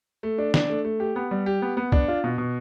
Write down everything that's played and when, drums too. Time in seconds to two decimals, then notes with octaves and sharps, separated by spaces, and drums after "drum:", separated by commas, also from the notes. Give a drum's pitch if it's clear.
0.23 A3
0.38 D4
0.54 D4, drum: snare
0.70 A3
0.84 A3
1.00 G4
1.16 B3
1.31 G3
1.46 G4
1.62 B3
1.77 B3
1.92 D4, drum: kick
2.08 F4
2.24 B2
2.38 B2